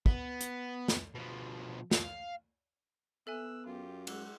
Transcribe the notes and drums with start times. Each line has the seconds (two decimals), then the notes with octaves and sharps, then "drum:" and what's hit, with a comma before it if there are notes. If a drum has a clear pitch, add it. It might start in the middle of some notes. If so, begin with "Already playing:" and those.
0.06 B3, drum: kick
0.41 drum: hi-hat
0.88 drum: snare
1.14 B2 F3
1.91 F5, drum: snare
3.27 B3 A4 E5 G#5 E6 F#6
3.66 F#2 F4 G4
4.07 G#3 F#5, drum: cymbal